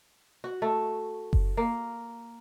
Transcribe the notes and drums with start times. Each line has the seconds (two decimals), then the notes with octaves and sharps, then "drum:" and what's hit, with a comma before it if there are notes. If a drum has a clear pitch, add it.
0.44 F#4
0.62 A3
1.33 drum: kick F#1
1.57 A#3